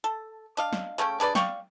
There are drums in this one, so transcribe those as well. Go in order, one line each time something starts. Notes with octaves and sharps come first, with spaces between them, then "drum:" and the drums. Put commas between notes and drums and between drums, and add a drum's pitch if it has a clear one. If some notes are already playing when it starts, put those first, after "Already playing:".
A4
D4 D#5 F5
drum: snare
C#3 A3 C#4 G5
D4 G#4 B4 D5
D5 F5 G5 C#6, drum: snare